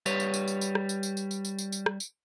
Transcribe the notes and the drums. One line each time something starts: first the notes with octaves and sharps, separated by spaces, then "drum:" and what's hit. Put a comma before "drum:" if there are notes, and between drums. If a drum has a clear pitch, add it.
G3 B4 C#5, drum: tambourine
drum: tambourine
drum: tambourine
drum: tambourine
drum: tambourine
drum: rim click
drum: tambourine
drum: tambourine
drum: tambourine
drum: tambourine
drum: tambourine
drum: tambourine
drum: tambourine
drum: rim click
drum: tambourine